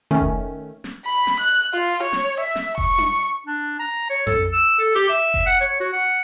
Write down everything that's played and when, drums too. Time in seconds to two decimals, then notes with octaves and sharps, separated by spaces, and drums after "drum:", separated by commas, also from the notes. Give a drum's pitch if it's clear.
0.11 D#3 A3 C#4
0.20 drum: kick F1
0.84 drum: snare
1.05 B5
1.27 drum: snare
1.40 F#6
1.74 F4
2.03 C#5
2.13 drum: snare
2.40 E5
2.55 drum: snare
2.78 C#6, drum: kick F1
2.98 drum: tom D4
3.46 D4
3.80 A#5
4.10 C#5
4.27 A4, drum: tom F2
4.53 E6
4.79 A4
4.95 G4
5.09 E5
5.34 drum: kick F1
5.46 F#5
5.61 C#5
5.80 F#4
5.93 F#5